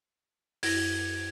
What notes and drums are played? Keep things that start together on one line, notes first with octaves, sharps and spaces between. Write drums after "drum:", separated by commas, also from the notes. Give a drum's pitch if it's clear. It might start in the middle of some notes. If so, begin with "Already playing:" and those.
F#2 E4 G#6 A#6, drum: open hi-hat